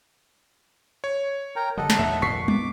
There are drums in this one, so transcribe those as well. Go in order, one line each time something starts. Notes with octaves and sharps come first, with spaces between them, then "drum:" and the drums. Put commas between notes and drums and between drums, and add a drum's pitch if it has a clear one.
C#5
A#4 G5 A#5
D3 E3 G3 A4 D#5 F#5
drum: snare
D#2 A2 E5
F2 A#2 C#6 B6 C7
B3 D6, drum: tom G3